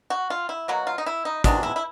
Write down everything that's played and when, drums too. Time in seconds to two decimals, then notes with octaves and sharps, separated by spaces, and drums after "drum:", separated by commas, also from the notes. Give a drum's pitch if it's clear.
0.10 F#4
0.30 F4
0.49 E4
0.68 B2 F#3 A#3 F#4
0.87 F4
0.98 D#4
1.06 E4
1.25 D#4
1.44 C3 D#3 G#3 B3 D4, drum: kick, hi-hat
1.63 E4
1.76 E4